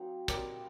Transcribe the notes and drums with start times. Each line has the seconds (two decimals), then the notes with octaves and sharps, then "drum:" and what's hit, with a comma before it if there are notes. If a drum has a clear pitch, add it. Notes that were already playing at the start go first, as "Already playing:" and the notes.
Already playing: F#3 A#3 C4 D#4
0.28 G3 C4 D#4 A#4 D5, drum: kick, hi-hat